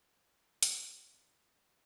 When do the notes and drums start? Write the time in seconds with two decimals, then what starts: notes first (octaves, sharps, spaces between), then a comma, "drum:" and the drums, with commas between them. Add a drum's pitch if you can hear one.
0.63 F#4 C#5, drum: hi-hat